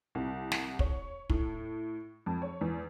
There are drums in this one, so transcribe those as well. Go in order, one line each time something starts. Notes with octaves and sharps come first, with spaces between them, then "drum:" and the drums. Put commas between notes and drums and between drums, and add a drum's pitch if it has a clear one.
C2
drum: snare
C#5, drum: kick
A2, drum: kick
F2
C#5
E2